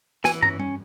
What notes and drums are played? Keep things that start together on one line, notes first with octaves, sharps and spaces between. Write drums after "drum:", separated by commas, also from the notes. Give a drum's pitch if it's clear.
E3 G#5, drum: snare
C#4 A#5, drum: tom
C#4, drum: tom G3